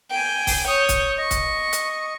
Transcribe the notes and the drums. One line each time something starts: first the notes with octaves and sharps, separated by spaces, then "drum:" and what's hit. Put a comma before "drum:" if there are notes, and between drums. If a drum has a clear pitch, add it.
G5 G#5
drum: kick C#1, open hi-hat
C#5 D#6 G6
drum: kick C#1, hi-hat
D#5 C#6
drum: kick C#1, hi-hat
drum: hi-hat